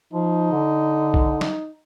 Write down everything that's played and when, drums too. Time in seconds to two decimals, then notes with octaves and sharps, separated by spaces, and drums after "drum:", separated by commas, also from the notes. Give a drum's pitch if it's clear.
0.13 F3 D#4
0.52 D3
1.14 drum: kick B1
1.41 drum: snare